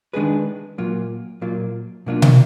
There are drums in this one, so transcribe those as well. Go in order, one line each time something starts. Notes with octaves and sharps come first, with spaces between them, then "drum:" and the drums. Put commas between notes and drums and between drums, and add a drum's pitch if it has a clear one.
D#3 G#3 D4 G#4 B4
A#2 F#3 A#3 F4
A#2 F#3 A#3 F4
B2 F#3 A#3 D4 F4
drum: tom B2